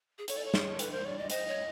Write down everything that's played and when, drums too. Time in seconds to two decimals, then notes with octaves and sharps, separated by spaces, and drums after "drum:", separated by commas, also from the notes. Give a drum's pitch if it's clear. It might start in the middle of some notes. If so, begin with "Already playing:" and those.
0.18 G#4
0.28 A4 C#5, drum: hi-hat
0.37 D5
0.45 C#5
0.54 G#4, drum: snare
0.75 A#4
0.79 A4 B4, drum: hi-hat
0.92 A#4 C5
1.05 C#5 D5
1.17 D5 D#5
1.30 C5 D#5, drum: hi-hat
1.48 C#5